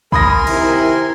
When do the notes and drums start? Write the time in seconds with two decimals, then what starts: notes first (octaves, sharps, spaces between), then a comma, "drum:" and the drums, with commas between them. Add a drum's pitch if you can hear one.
0.12 A#4 G#5 B5 C6 D#6 A#6, drum: kick
0.47 C3 D#3 E4, drum: cymbal